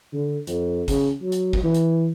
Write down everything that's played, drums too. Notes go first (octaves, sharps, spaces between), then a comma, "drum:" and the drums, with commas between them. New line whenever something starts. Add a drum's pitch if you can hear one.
D3
F2, drum: hi-hat
C#3, drum: kick, hi-hat
F#3
drum: hi-hat
drum: kick
E3
drum: hi-hat